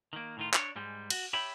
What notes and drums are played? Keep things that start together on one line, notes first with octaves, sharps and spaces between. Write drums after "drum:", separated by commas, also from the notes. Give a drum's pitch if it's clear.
D#3 A#3
A2 D#3 F4
D4 A#4 C#5, drum: clap
G#2 G3 G#3
F#4, drum: cymbal
G4 C#5 E5 G5 B5